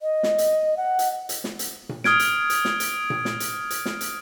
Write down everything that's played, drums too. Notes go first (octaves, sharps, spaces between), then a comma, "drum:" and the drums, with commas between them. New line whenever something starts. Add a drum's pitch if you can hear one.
D#5
drum: snare
drum: hi-hat
F#5
drum: hi-hat
drum: hi-hat
drum: snare
drum: hi-hat
drum: tom A#2
D#6 F6 G#6 D7, drum: snare
drum: hi-hat
drum: hi-hat
drum: snare
drum: hi-hat
drum: tom A#2
drum: snare
drum: hi-hat
drum: hi-hat
drum: snare
drum: hi-hat